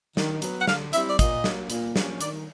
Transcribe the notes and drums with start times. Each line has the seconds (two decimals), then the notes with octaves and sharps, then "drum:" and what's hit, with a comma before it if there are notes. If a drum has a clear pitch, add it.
0.17 D#3, drum: snare
0.42 F#3 B3, drum: hi-hat
0.60 F#5
0.67 D3 F5, drum: snare
0.93 G3 C4 E4 E5, drum: hi-hat
1.10 D5
1.19 A#2 D#5, drum: kick, hi-hat
1.44 F#3 A#3, drum: snare
1.70 A#2, drum: hi-hat
1.96 F3 A#3 C#4, drum: snare
2.21 D#3 D5, drum: hi-hat